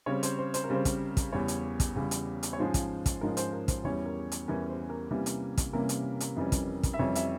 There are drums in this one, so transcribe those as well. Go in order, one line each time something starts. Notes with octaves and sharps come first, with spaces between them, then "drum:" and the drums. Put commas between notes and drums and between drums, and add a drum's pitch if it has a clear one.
C#3 G3 C4 C#5
C5, drum: hi-hat
C5
C5, drum: hi-hat
A#4
C#3 G3 C4 C5
drum: kick, hi-hat
drum: kick, hi-hat
E2 C#3 G3 C#5
drum: hi-hat
drum: kick, hi-hat
E2 C#3 G3
drum: hi-hat
drum: hi-hat
C#5
G#2 F3 G#3 C#4 C5
drum: kick, hi-hat
drum: kick, hi-hat
G#2 F3 G#3 C#4 A#4
C5, drum: hi-hat
A#4
C5, drum: kick, hi-hat
E2 E3 G3 C#4 C#5
A#4
drum: hi-hat
E2 E3 G3 C#4 A#4
C5
A#4
C3 E3 G3 A#3 C#4
drum: hi-hat
drum: kick, hi-hat
C3 E3 G3 A#3 C#4 A#4
drum: hi-hat
drum: hi-hat
F2 E3 G3 C#4
drum: kick, hi-hat
drum: kick, hi-hat
E5
F2 E3 G3 C#4 C#5
E5, drum: hi-hat